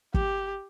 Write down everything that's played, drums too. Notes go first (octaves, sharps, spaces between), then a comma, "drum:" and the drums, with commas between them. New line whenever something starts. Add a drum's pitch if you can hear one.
G4, drum: kick